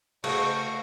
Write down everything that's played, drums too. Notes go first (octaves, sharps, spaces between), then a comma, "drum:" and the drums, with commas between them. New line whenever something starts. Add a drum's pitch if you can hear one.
C#3 A3 F#4 D#5 F5 C#6, drum: cymbal